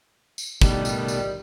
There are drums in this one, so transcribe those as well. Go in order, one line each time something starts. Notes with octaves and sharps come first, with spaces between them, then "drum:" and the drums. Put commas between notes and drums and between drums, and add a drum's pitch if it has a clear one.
drum: tambourine
B2 D#3 G3 A3, drum: kick, tambourine
drum: tambourine
drum: tambourine